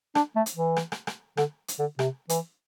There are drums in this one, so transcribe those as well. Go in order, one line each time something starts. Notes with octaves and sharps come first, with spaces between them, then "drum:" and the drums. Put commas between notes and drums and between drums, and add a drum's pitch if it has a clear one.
D4, drum: rim click
A3
drum: hi-hat
E3
drum: rim click
drum: rim click
drum: rim click
D3, drum: rim click
drum: hi-hat
D3
C3, drum: rim click
E3, drum: hi-hat